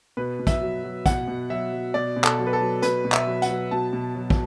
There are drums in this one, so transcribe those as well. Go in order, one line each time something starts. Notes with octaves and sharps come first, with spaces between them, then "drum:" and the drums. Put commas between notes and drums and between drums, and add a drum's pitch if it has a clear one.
B2 B4
B2
E5, drum: kick, hi-hat
F#3
F#3
B2 F#5, drum: kick, hi-hat
B2
F#3 E5
F#3
B2 D5
B2
A4, drum: clap
F#3
B4
A4
F#3
B2 B4, drum: hi-hat
B2
E5, drum: clap
F#3
F#5, drum: hi-hat
F#3
B2 A5
B2
F#3
drum: kick